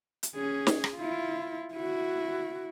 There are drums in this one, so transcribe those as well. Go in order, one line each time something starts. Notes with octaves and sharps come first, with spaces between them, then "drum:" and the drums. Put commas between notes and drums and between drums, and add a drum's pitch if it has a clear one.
drum: hi-hat
C#4 G#4
drum: snare
drum: rim click
E4 F4
E4 F#4